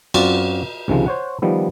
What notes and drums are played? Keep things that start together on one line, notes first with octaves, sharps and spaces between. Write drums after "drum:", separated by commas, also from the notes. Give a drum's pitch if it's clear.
F#2 C4 F4 F#4 D5, drum: cymbal
C#2 C3 D#3 F3 G#3
C5 C#5 F#5
D#3 F3 G3 B3